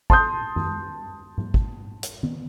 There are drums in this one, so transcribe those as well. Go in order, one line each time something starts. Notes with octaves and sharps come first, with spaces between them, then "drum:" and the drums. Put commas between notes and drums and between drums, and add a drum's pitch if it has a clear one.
A5 C6 D#6 G6, drum: kick
drum: tom F#2
drum: tom G#2
drum: kick
drum: hi-hat
drum: tom D#3